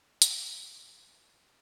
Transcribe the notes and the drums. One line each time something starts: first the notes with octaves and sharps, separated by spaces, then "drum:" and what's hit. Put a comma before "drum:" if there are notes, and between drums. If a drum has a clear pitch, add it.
E2 D#3 A#3 E4, drum: hi-hat